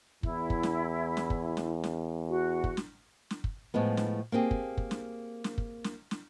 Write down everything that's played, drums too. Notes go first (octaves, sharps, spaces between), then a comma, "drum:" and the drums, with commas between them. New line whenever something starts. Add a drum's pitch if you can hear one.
E2 E4, drum: kick
drum: kick
drum: snare
drum: snare
drum: kick
drum: snare
drum: snare
F#4
drum: kick
drum: snare
drum: snare
drum: kick
A2 F3 G#3 B3
drum: snare
A#3 C4 G4 G#4
drum: kick
drum: kick
drum: snare
drum: snare
drum: kick
drum: snare
drum: snare